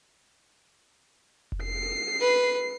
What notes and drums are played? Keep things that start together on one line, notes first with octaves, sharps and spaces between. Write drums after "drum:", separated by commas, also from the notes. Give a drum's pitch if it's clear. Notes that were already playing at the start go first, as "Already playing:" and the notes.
drum: kick F1
C7
B4